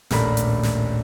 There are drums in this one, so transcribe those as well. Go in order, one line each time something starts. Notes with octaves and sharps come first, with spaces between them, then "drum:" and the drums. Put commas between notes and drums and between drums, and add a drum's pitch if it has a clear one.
D#1 A#1 A2 A#4 D5 B5, drum: snare
drum: hi-hat
drum: snare